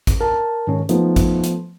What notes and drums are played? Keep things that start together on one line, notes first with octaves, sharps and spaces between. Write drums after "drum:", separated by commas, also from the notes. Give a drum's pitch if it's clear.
drum: kick G#1, hi-hat
A#4 A5
G#2 D#3 C#4
F3 A3 B3 D#4, drum: hi-hat
drum: kick G#1, hi-hat
drum: hi-hat